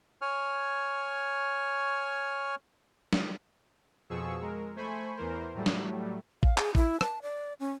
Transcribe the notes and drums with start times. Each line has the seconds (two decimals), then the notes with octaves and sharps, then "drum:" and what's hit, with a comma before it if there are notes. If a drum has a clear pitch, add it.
0.21 C#5 G#5 C#6 F6
3.13 drum: snare
4.10 F2 B2 F3 G#4 C#6 E6
4.41 G#3 A#4
4.76 A3 C5 G#5 B5 C#6
5.16 E2 E3 A#4 C5
5.54 A2 F#3 G3 A3
5.66 drum: snare
6.43 F5, drum: kick A1
6.58 G#4, drum: clap
6.75 E4, drum: kick A1
7.01 A5, drum: rim click
7.22 D5
7.60 C#4